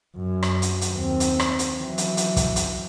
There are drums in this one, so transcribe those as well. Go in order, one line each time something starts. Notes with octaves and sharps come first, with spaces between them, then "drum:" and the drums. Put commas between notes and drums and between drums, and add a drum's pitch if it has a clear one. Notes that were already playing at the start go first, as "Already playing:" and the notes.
F#2
drum: rim click
drum: hi-hat
drum: hi-hat
D#2 C4
drum: hi-hat
drum: rim click
drum: hi-hat
E3 F#3
drum: hi-hat
drum: hi-hat
drum: kick, hi-hat
drum: hi-hat